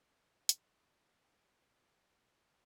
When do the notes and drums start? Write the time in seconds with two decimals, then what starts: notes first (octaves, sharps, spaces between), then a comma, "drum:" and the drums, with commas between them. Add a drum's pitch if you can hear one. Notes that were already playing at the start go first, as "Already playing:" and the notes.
0.12 B3 E4
0.49 drum: hi-hat
1.23 E4 C5 D5 F5 G5 A#5